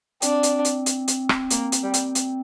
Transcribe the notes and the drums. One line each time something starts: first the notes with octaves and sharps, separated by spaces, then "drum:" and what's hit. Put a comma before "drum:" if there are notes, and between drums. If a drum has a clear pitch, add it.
C4 D4, drum: hi-hat
drum: hi-hat
drum: hi-hat
drum: hi-hat
drum: hi-hat
drum: rim click
A#3, drum: hi-hat
drum: hi-hat
G3
drum: hi-hat
drum: hi-hat